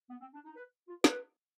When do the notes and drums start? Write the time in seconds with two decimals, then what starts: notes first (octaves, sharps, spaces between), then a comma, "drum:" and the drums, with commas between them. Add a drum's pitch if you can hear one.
0.10 B3
0.21 C4
0.34 D4
0.45 D#4
0.56 B4
0.88 F4
1.04 B4, drum: snare